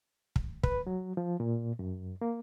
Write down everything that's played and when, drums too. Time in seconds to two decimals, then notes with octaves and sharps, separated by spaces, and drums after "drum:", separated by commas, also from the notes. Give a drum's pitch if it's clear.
0.36 drum: kick
0.63 B4, drum: kick
0.87 F#3
1.17 F3
1.40 A#2
1.79 F#2
2.21 A#3